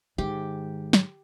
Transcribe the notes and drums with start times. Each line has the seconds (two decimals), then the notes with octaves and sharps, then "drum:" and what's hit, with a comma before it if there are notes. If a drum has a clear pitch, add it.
0.18 G#2 D#3 G4
0.93 drum: snare